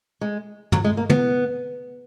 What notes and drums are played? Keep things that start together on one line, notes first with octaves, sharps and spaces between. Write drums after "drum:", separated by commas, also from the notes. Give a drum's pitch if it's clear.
G#3
F#3, drum: tom
G#3
A#3
B3, drum: tom